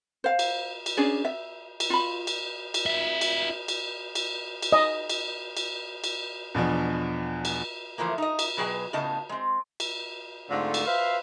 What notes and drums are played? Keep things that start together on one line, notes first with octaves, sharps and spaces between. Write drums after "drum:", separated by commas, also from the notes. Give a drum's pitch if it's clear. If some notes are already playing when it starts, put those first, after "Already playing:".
C5 F5
drum: cymbal
drum: cymbal
C#4 D4 G#4 D5
E5
drum: cymbal
F4 B5
drum: cymbal
drum: cymbal
F4 E5
drum: cymbal
drum: cymbal
drum: cymbal
drum: cymbal
D#5
drum: cymbal
drum: cymbal
drum: cymbal
E2 B2 F3 D4
drum: cymbal
E3 F3 A3 A#3
D#4 D#5
drum: cymbal
B2 F#3 G#4 B4 G5 G#5
A2 C#3 B3 D#5 A5
G#3 C4
drum: cymbal
G#2 D3 A3 C4 F4
drum: cymbal
B4 C5 E5 F5